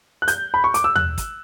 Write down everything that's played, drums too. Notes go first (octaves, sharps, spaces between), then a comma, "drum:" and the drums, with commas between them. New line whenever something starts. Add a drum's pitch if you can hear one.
F#6
G6, drum: hi-hat
B5
C#6
D6, drum: hi-hat
E6
F#6, drum: tom
drum: kick, hi-hat